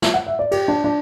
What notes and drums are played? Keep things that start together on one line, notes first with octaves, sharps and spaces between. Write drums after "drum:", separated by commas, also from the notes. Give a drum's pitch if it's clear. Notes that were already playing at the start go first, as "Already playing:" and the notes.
E5, drum: snare
F#5
E5
D5
G4, drum: cymbal
D4
D4